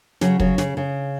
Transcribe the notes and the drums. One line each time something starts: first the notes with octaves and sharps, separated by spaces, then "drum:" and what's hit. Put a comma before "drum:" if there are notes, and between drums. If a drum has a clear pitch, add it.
C#3 F#3, drum: snare
C#3 F#3, drum: kick
C#3, drum: snare
C#3